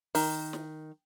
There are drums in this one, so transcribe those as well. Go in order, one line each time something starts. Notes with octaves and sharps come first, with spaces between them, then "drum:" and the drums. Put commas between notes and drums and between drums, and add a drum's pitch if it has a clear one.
D#3, drum: open hi-hat
drum: snare